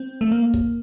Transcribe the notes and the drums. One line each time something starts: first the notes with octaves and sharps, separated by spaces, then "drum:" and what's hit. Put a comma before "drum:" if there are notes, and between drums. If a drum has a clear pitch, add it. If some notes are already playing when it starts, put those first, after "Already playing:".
Already playing: C4
A3
A#3
drum: kick